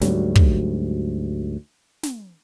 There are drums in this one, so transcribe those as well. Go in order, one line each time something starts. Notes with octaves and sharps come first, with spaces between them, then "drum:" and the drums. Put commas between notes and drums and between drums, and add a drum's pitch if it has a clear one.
D2 G#2 F#3 G3, drum: snare
drum: kick
drum: snare